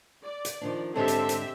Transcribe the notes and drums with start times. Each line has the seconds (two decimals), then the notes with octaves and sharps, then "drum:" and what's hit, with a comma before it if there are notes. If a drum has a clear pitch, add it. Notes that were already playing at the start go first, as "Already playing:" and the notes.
0.24 D5
0.45 drum: hi-hat
0.61 D#3 F3 D4
0.96 G#2 D3 C4 C#4 G4 A4 E5
1.08 drum: hi-hat
1.29 drum: hi-hat